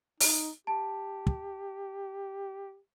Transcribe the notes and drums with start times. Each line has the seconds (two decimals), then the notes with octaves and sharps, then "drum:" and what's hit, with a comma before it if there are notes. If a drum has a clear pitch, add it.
0.20 D#4, drum: open hi-hat
0.67 G4 A5
1.27 drum: kick